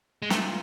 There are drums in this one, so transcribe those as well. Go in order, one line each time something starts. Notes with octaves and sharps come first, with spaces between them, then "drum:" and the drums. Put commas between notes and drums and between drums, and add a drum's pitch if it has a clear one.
G#3
A3 F4, drum: snare